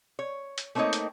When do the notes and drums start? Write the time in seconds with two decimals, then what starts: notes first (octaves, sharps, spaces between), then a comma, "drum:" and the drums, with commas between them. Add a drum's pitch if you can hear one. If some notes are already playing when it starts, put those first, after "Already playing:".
0.19 C#5
0.58 drum: hi-hat
0.75 A3 A#3 C4 D#4 C#5 D#5
0.93 drum: hi-hat